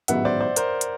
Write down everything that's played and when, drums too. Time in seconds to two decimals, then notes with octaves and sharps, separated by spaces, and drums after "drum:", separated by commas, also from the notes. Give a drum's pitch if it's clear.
0.08 A1 G#2 D#3 F#3 B3 E5 F#5, drum: hi-hat
0.25 C5 D5
0.40 C5 D5
0.56 A#4 C5, drum: hi-hat
0.81 drum: hi-hat